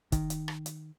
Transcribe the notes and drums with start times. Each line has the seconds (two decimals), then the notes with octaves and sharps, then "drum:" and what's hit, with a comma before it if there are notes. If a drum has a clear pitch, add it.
0.12 D#3, drum: kick, hi-hat
0.30 drum: hi-hat
0.48 drum: rim click
0.66 drum: hi-hat